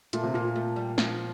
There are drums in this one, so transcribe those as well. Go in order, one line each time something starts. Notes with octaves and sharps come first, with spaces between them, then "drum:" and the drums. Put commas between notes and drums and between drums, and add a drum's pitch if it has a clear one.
A#2 A3, drum: hi-hat
C3
A#2 A#3
A3
G3
F3, drum: snare